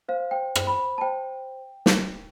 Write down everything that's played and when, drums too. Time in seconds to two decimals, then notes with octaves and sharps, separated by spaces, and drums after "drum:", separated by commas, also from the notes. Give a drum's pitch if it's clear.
0.09 C5 F5
0.31 C5 G5
0.55 C5, drum: rim click
0.67 B5
0.78 C5
0.98 A5
1.01 C5 G5
1.86 drum: snare